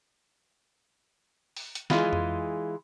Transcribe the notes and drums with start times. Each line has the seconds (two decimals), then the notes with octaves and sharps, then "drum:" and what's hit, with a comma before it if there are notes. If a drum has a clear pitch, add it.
1.56 drum: open hi-hat
1.75 drum: hi-hat
1.90 E3 G#3 F4 G#4, drum: snare
2.13 drum: tom F2